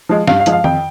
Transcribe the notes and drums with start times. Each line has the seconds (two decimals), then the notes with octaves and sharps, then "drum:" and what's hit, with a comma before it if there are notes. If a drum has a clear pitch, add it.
0.09 F3 G#3
0.27 G2 F5, drum: snare
0.40 F5
0.46 F3 G#3, drum: hi-hat
0.52 F5
0.64 F2 G5, drum: tom D#3